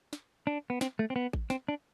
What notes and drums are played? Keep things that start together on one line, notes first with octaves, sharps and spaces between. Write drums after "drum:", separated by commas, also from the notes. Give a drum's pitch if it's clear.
drum: snare
D4
B3
C4, drum: snare
A3
C4
B3
drum: kick A1
C4, drum: snare
D4